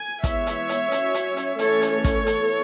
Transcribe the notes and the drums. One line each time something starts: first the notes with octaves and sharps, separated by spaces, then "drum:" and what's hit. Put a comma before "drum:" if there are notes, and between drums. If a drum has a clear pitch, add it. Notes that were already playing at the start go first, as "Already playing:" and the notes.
Already playing: G#5
E3 G#3 B3 C#5 E5, drum: kick, hi-hat
drum: hi-hat
drum: hi-hat
F#3 C#4, drum: hi-hat
drum: hi-hat
drum: hi-hat
E3 A3 C#4 A4 C#5, drum: hi-hat
drum: hi-hat
A4 C#5
drum: kick, hi-hat
E3 B3, drum: hi-hat